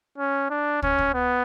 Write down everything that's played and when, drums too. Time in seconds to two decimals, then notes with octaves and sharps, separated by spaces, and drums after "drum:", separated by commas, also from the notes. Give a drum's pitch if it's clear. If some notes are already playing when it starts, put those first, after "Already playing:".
0.18 C#4
0.50 D4
0.82 C#4, drum: kick
0.98 drum: kick
1.14 B3